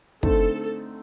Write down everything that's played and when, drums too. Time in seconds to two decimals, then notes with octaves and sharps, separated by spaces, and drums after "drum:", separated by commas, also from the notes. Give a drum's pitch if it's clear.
0.23 D3 A3 C4 D#4 A4, drum: kick